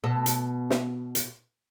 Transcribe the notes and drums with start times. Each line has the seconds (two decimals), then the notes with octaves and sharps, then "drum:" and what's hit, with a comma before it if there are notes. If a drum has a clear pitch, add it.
0.04 B2 A4
0.26 drum: hi-hat
0.70 drum: snare
1.15 drum: hi-hat